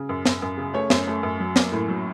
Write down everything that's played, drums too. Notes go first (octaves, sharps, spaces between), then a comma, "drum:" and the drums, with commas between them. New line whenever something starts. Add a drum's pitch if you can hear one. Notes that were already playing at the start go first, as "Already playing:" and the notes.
Already playing: C#3
F#2
F#2, drum: snare
F#2
C#3
A3 C#5
F#2, drum: snare
A3
F#2
F#3
A#3, drum: snare
A2
F#3